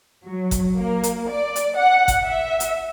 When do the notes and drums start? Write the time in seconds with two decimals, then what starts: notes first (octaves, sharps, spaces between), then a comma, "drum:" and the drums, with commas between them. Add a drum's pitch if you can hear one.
0.25 F#3
0.51 drum: kick G1, hi-hat
0.76 A#3
1.03 drum: hi-hat
1.30 D5
1.56 drum: hi-hat
1.77 F#5
2.08 drum: kick G1, hi-hat
2.26 E5
2.60 drum: hi-hat